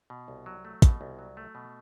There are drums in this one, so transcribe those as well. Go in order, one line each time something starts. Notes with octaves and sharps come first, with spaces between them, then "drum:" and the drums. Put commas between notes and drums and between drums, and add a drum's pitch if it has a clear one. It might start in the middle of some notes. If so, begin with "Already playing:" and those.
B2
C2
F#3
A3
B2, drum: kick, hi-hat
C2
F#3
A3
B2